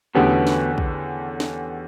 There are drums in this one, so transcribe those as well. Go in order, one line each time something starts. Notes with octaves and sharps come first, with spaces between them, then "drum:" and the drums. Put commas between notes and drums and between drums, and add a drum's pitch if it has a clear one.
E2 B2 D3 A3 B3 C#4 G4
drum: snare
drum: kick
drum: snare